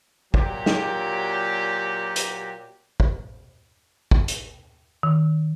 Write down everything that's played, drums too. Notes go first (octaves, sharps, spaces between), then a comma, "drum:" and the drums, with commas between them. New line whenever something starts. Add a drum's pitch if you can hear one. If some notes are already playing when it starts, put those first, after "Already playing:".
A#2 F#3 G4, drum: kick
drum: snare
drum: hi-hat
drum: kick
drum: kick
drum: hi-hat
D#3